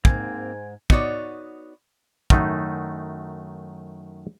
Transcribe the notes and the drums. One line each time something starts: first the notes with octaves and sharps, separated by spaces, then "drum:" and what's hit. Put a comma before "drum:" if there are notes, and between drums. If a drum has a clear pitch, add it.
G#2 A#3 C4 G#5 G#6, drum: kick
B3 D#4 F#4 C#5 D5, drum: kick
F#2 D#3 F#3 A3 D#4 E4, drum: kick